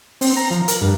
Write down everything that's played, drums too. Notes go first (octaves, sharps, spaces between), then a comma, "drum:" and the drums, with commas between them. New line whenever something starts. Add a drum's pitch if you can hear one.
C4, drum: open hi-hat
A#5
F3
A#4, drum: hi-hat
G2